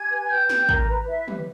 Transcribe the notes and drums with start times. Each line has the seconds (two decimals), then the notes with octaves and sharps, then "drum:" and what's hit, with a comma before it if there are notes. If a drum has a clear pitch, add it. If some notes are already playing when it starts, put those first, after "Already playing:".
Already playing: G4 G#5 G#6
0.09 B4
0.29 B4 G5 G6
0.49 G4, drum: snare
0.69 G4 A#4 A#5, drum: kick
0.88 B4
1.08 E4 B4 E5
1.28 G4, drum: tom